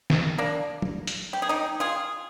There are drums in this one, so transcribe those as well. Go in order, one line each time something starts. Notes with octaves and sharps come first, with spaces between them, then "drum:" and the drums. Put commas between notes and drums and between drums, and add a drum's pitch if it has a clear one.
drum: snare
A#3 D4
drum: tom F#3
drum: hi-hat
G4
G#4
D#4 G4
F4 G#4